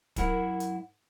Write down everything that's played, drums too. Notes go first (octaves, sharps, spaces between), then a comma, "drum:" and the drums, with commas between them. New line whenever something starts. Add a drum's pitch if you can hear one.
F#2 F#3 E4 A#4 F#5, drum: kick, hi-hat
drum: hi-hat